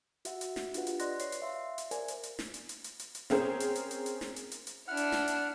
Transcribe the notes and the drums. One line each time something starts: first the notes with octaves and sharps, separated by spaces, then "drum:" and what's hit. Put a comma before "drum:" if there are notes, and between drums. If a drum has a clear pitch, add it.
F#4 E5 F#5, drum: hi-hat
drum: hi-hat
drum: snare
D4 F4 G4 B4 F#5, drum: hi-hat
drum: hi-hat
D5 D#5 C6 F#6 A#6, drum: hi-hat
C#5 C7, drum: hi-hat
drum: hi-hat
E5 F5 C6
drum: hi-hat
A#4 C5 D5 E5 G#5, drum: hi-hat
drum: hi-hat
drum: hi-hat
drum: snare
drum: hi-hat
drum: hi-hat
drum: hi-hat
drum: hi-hat
drum: hi-hat
C4 C#4 G#4 A#4 C5, drum: snare
drum: hi-hat
drum: hi-hat
drum: hi-hat
drum: hi-hat
drum: snare
drum: hi-hat
drum: hi-hat
drum: hi-hat
D4 E4 F#5 F6
drum: hi-hat
drum: snare
drum: hi-hat